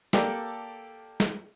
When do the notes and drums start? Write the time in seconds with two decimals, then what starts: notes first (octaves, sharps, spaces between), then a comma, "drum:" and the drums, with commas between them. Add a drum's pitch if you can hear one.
0.13 A#3 G4 A4 D5, drum: snare
1.20 drum: snare